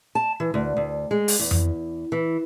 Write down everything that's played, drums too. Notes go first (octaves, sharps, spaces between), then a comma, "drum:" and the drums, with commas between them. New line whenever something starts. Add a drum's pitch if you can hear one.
A5
E3
D2
D2
G#3
drum: open hi-hat
E2
drum: tom F2
E3